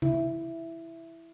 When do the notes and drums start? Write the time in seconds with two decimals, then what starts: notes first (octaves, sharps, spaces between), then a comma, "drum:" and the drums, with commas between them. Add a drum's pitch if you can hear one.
0.02 E4, drum: tom C3